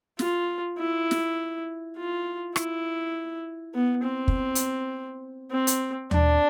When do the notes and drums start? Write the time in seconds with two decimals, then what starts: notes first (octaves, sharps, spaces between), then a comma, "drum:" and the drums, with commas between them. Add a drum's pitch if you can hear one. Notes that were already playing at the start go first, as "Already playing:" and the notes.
0.19 F4, drum: snare
0.78 E4
1.11 drum: snare
1.97 F4
2.56 E4, drum: rim click
3.74 B3
4.03 C4
4.28 drum: kick
4.55 drum: hi-hat
5.52 C4
5.67 drum: hi-hat
6.11 D4, drum: tom D#2